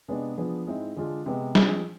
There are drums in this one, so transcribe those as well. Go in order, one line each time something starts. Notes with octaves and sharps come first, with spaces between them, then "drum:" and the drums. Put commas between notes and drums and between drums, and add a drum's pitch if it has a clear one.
C3 G#3 B3 D4 G#4
F3 B3 D4 G#4
G#2 G#3 C4 E4
D3 G#3 D4 F4 G#4
C3 G#3 B3
F3 G#3 C4 G#4, drum: snare